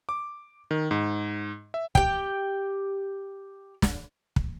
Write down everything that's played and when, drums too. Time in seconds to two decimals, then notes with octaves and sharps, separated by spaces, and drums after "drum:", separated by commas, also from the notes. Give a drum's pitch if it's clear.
0.09 D6
0.71 D#3
0.91 G#2
1.74 E5
1.95 G4 G5, drum: kick
3.82 drum: snare
4.36 drum: kick